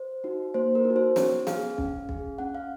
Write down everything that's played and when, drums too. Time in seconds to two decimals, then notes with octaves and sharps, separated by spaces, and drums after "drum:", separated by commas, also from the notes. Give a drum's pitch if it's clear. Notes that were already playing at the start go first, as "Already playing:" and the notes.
Already playing: C5
0.24 D#4 F#4
0.54 A#3 C5
0.75 A#4
0.85 D#4
0.90 F#4
0.96 C5
1.16 C#4 C#5, drum: snare
1.47 G#4 F5, drum: snare
1.78 C#4, drum: kick
2.09 G#4, drum: kick
2.38 C#4 F#5
2.55 F5